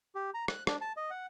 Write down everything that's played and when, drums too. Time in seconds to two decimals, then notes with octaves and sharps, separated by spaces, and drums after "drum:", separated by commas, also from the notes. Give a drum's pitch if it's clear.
0.15 G4
0.34 A#5
0.48 F#6, drum: rim click
0.67 D4, drum: rim click
0.81 A5
0.97 D#5
1.10 F#5